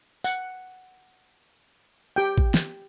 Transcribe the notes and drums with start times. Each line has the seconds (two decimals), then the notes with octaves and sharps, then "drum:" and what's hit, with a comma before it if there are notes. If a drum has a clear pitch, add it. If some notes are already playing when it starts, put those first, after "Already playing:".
0.24 F#5, drum: tambourine
2.16 G4 G5
2.38 drum: kick
2.54 drum: snare